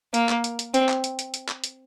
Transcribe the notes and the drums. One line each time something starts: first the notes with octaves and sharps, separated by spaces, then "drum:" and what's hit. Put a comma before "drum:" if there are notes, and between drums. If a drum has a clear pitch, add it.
A#3, drum: hi-hat
drum: clap
drum: hi-hat
drum: hi-hat
C4, drum: hi-hat
drum: clap
drum: hi-hat
drum: hi-hat
drum: hi-hat
drum: clap
drum: hi-hat